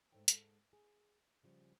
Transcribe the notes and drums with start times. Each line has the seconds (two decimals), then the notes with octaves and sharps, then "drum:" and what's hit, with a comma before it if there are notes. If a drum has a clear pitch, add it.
0.12 G#2 A3 D#4 C#5 G5
0.28 G#2 G#3 A4, drum: hi-hat
0.73 G#4
1.43 C#3 F3 G3 G#4